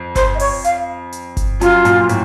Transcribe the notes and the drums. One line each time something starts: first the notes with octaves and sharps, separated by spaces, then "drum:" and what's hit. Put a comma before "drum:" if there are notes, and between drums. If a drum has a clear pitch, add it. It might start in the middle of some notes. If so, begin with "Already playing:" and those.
Already playing: F2
C5, drum: kick G1, hi-hat
D#5
C#5, drum: open hi-hat
F5, drum: hi-hat
drum: hi-hat
drum: kick G1, hi-hat
F#2 F4, drum: hi-hat
F#2 A#2, drum: hi-hat
A2, drum: hi-hat